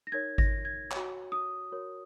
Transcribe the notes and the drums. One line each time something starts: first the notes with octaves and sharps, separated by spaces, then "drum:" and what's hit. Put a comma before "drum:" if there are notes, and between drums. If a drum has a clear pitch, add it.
A#6
D#4 A#4 C#5 G#6
A#6, drum: kick G#1
G#6
F#4 C#5, drum: clap
D#6
F#4 A#4 C#5